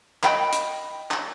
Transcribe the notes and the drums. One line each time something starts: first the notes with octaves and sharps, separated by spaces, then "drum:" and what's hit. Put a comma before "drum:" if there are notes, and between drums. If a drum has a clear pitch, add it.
D#5 G5 B5, drum: clap
drum: hi-hat
drum: clap